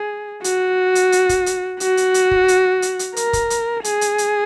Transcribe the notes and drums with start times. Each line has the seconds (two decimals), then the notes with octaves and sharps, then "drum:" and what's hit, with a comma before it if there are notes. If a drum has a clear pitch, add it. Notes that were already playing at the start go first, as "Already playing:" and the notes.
Already playing: G#4
0.44 F#4, drum: hi-hat
0.95 drum: hi-hat
1.12 drum: hi-hat
1.29 drum: kick, hi-hat
1.46 drum: hi-hat
1.80 F#4, drum: hi-hat
1.97 drum: hi-hat
2.14 drum: hi-hat
2.31 drum: kick
2.48 drum: hi-hat
2.82 drum: hi-hat
2.99 drum: hi-hat
3.16 A#4, drum: hi-hat
3.33 drum: kick, hi-hat
3.50 drum: hi-hat
3.84 G#4, drum: hi-hat
4.01 drum: hi-hat
4.18 drum: hi-hat